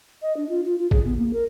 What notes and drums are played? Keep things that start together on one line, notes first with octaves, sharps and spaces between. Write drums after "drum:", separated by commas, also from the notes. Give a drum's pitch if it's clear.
D#5
D4
F4
F4
F4
G#4, drum: kick A1
B3
A#3
A#4